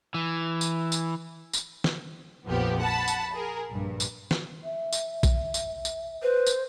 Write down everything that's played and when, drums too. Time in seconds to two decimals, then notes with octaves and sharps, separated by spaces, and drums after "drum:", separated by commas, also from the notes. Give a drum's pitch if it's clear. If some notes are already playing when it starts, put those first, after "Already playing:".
0.14 E3
0.61 drum: tambourine
0.92 drum: tambourine
1.53 drum: tambourine
1.84 drum: snare
2.46 A#1 F2 F3 B3 G4
2.80 F#5 A5 B5
3.08 drum: tambourine
3.34 G#4 A#4
3.70 A#1 G2
4.00 drum: tambourine
4.31 drum: snare
4.64 E5
4.92 drum: tambourine
5.23 drum: kick A#1, tambourine
5.54 drum: tambourine
5.85 drum: tambourine
6.23 B4 C5
6.47 drum: tambourine